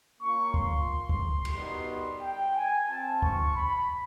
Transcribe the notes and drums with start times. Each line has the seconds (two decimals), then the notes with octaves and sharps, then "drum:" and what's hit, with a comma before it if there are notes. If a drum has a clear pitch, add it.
0.20 A#3 C#4 F4 C#6
0.54 C6, drum: kick C#2
1.09 drum: kick C#2
1.45 drum: cymbal
1.54 G3 B3 D#4 F#4 C6
2.21 G5
2.55 G#5
2.88 C4 F4 A5
3.22 C#6, drum: kick C#2
3.55 B5